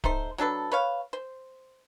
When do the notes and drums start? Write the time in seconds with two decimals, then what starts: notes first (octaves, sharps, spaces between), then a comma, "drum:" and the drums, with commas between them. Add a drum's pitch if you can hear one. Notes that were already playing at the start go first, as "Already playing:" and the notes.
0.04 A3 D#4 C5 C6, drum: kick D1
0.38 F#3 D4 A4 B4
0.72 B4 C#5 F5
1.13 C5